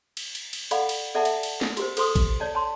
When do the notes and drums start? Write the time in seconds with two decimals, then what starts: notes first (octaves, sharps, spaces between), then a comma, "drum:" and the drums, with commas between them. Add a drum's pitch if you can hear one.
0.17 drum: cymbal
0.35 drum: cymbal
0.53 drum: cymbal
0.71 A4 D5 F5 F#5 B5, drum: cymbal
0.89 drum: cymbal
1.15 A4 D5 E5 F#5 A5
1.25 drum: cymbal
1.43 drum: cymbal
1.61 drum: snare
1.77 F#4 G4 A#4 C5, drum: cymbal
1.97 A4 C5 C6 D#6, drum: cymbal
2.15 drum: kick A1, cymbal
2.40 C#5 D5 A5
2.55 A5 C6